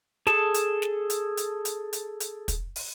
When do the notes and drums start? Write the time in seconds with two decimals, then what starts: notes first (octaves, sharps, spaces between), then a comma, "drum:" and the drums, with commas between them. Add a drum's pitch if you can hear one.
0.27 G#4 A4 A5, drum: snare
0.54 drum: hi-hat
0.82 drum: snare
1.10 drum: hi-hat
1.37 drum: hi-hat
1.65 drum: hi-hat
1.93 drum: hi-hat
2.20 drum: hi-hat
2.48 drum: kick, hi-hat
2.76 drum: open hi-hat